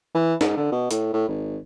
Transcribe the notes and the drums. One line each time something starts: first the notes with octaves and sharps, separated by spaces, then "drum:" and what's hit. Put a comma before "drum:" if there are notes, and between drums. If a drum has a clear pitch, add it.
E3
G#2, drum: snare
D3
B2
A2, drum: hi-hat
A2
G#1